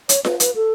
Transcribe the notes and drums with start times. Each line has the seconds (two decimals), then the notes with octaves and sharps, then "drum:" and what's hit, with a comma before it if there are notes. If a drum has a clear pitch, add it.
0.09 C#5, drum: hi-hat
0.25 B4, drum: snare F4
0.40 B4, drum: hi-hat
0.55 A4